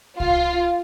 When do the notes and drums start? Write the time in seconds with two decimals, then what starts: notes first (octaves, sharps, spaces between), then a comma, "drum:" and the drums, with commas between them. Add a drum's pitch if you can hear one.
0.20 F4, drum: kick C2